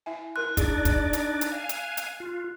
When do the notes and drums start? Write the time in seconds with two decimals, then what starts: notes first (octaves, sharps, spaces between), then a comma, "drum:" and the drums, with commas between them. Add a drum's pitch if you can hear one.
0.06 E4 E5 G#5
0.36 E4 A#4 C6 F#6
0.57 D4 D#4 G#4 D5, drum: kick, hi-hat
0.85 drum: kick, hi-hat
1.13 drum: hi-hat
1.41 drum: hi-hat
1.52 F5 G#5
1.69 drum: hi-hat
1.97 drum: hi-hat
2.20 F4